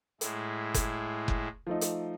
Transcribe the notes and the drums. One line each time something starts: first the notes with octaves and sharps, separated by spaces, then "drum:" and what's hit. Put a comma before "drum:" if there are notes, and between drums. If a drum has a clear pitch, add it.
A2 G#3 E4, drum: hi-hat
drum: kick F#1, hi-hat
drum: kick F#1
F3 A3 D#4
drum: hi-hat